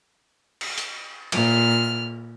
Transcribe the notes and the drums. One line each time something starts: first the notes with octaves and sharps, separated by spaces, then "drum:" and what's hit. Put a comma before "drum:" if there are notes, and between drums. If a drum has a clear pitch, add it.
drum: cymbal
drum: hi-hat
A#2 F6, drum: cymbal